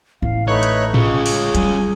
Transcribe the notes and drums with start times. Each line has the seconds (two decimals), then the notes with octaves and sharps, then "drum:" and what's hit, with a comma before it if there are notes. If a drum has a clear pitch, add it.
0.22 A1 F5
0.48 A3 D#4 B4 C#5 F#6
0.63 drum: hi-hat
0.94 C#4 F4 G#4 C#6, drum: tom A2
1.26 drum: open hi-hat
1.55 G3 G#5, drum: hi-hat